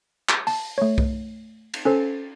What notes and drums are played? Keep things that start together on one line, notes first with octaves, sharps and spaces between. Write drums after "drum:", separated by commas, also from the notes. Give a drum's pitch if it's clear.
drum: clap
A5, drum: open hi-hat
A3 C#5
drum: kick C2
drum: cymbal
C#4 A4 C5